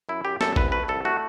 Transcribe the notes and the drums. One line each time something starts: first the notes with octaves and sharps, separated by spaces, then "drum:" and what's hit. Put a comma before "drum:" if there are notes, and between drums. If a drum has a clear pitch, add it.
F#2 E4
F#2 G4
F#2 A4, drum: snare
C2 B4, drum: kick A1
A3 B4
C2 A4
A3 F#4